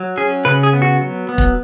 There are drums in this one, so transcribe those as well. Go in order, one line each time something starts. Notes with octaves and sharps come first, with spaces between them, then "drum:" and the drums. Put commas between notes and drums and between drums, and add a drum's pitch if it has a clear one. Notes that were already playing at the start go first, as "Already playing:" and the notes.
Already playing: F#3
C#4 G#4
C#3 B4
G#4
B3
F#4
F#3
B3
drum: kick